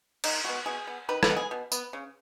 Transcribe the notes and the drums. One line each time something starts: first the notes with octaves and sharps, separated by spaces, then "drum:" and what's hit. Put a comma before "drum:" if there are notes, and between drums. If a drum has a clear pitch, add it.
D#3 D#4, drum: cymbal
G#3 B3 F#4
B2 G#4
B3
D#3 B4
B4, drum: rim click
G#3 B3
G#4
B2
B3, drum: tambourine
C#3